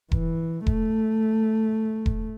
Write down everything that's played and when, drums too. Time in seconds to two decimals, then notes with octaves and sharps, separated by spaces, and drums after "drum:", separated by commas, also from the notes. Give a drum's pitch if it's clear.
0.12 E3, drum: kick E1
0.66 A3, drum: kick E1
2.06 drum: kick E1